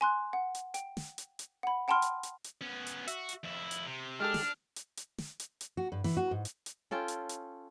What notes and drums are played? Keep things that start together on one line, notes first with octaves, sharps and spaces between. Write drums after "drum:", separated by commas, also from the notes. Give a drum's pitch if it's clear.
G#5 C6 F#6
F#5
drum: hi-hat
G5, drum: hi-hat
drum: snare
drum: hi-hat
drum: hi-hat
F#5 B5
F#5 G5 A5 B5 C6 F6
drum: hi-hat
drum: hi-hat
drum: hi-hat
B3 C#4
drum: hi-hat
F#4 E5, drum: hi-hat
drum: hi-hat
F2 E4
drum: hi-hat
C3
G#3 D4 G4 A4 F6
drum: snare
drum: hi-hat
drum: hi-hat
drum: snare
drum: hi-hat
drum: hi-hat
F#4
G2
E3, drum: snare
F#4
G#2
drum: hi-hat
drum: hi-hat
C#4 F4 A4 G5
drum: hi-hat
drum: hi-hat